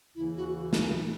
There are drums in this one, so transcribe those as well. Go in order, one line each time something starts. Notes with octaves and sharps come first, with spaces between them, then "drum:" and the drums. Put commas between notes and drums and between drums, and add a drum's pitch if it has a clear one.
D#2 C#3 E3 E4
F#4
drum: snare